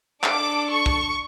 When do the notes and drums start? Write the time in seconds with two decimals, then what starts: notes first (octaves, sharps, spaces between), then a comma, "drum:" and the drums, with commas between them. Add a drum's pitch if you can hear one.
0.24 D4 A4 D6, drum: clap
0.70 C#6
0.86 drum: kick